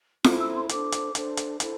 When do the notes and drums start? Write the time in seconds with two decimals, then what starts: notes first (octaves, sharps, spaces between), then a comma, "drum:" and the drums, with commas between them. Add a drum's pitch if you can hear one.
0.24 E4 A4 C5 E6, drum: snare F4
0.40 E6
0.55 C6
0.69 D4 A4 C5 D6, drum: hi-hat
0.92 drum: hi-hat
1.15 D4 A4 C5, drum: hi-hat
1.37 drum: hi-hat
1.60 E4 A4 C5, drum: hi-hat